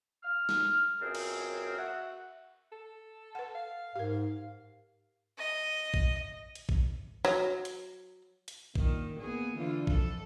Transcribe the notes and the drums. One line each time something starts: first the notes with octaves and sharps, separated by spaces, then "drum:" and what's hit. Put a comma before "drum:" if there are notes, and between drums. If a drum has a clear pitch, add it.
F6
drum: snare
C#2 F#2 C4 G#4 A#4
drum: cymbal
F#4 E5 F#5
A4
B4 F#5
F5
G#2 G4 A#4 F5
D#5
drum: kick A#1
drum: hi-hat
drum: kick A#1
F#3, drum: rim click
drum: hi-hat
drum: hi-hat
A#2 D#3, drum: kick A#1
A#3 B3 G#4
D3 E3 F4
F2 A4, drum: kick A#1